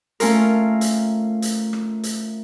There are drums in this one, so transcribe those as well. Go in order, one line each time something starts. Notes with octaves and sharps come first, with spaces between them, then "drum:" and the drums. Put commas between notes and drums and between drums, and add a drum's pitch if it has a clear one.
A3 C#4 F4 A#4, drum: hi-hat
drum: hi-hat
drum: hi-hat
drum: rim click
drum: hi-hat